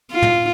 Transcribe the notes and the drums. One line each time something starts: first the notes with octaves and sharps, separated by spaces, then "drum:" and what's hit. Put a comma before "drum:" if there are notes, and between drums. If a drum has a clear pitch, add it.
F4
drum: tom